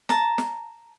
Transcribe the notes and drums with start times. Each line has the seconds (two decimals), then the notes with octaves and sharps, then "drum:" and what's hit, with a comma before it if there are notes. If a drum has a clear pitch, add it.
0.09 A5 A#5, drum: snare
0.38 drum: snare